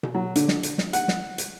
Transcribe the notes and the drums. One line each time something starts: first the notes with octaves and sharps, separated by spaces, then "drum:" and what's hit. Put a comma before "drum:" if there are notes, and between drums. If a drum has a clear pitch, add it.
drum: tom B2
F#3
D3, drum: hi-hat
drum: snare
drum: hi-hat
drum: snare
F#5, drum: hi-hat
drum: snare
drum: hi-hat